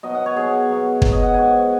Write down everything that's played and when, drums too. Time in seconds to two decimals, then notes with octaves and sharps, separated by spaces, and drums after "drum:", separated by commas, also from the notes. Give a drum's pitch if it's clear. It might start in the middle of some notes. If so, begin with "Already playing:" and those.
0.03 B2 F#3 D#5
0.15 F#5
0.26 C#5
0.36 B2 F#3 G#4
0.69 B2 F#3
1.02 B2 F#3, drum: kick
1.12 D#5
1.23 F#5
1.34 G#2 F#3 G#5